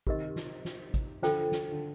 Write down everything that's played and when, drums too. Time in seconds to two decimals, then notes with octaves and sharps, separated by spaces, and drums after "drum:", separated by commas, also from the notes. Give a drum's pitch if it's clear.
0.07 C3 D#3 G4 A#4 D#5, drum: kick
0.36 drum: snare
0.65 drum: snare
0.94 drum: kick, hi-hat
1.22 D3 F3 F4 A4 C5 G5, drum: snare
1.52 drum: snare
1.72 D3